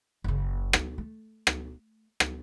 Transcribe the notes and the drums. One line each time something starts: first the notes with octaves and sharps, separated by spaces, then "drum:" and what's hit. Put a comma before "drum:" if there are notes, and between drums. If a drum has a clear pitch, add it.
F#1 C#3
drum: rim click
A3
drum: rim click
drum: rim click